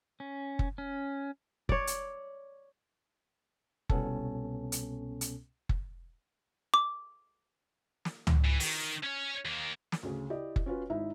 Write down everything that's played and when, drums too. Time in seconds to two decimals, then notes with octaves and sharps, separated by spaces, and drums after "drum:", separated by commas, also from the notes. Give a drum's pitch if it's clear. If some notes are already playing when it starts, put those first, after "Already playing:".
0.20 C#4
0.59 drum: kick F#1
0.78 C#4
1.69 C#5 D5, drum: kick F#1
1.87 drum: hi-hat
3.89 C2 B2 B3 C#4 A4 A5, drum: kick F#1
4.72 drum: hi-hat
5.21 drum: hi-hat
5.69 drum: kick F#1
6.74 D6
8.05 drum: snare
8.27 drum: tom C#2
8.44 E3
8.60 D#3, drum: open hi-hat
9.03 C#4 C#5
9.45 D#2 A#3
9.92 drum: snare
10.03 D2 C#3
10.30 E4 G4 D5 D#5
10.56 drum: kick F#1
10.66 C#4 F4 F#4 B4
10.90 G#1 D#4 E4 E5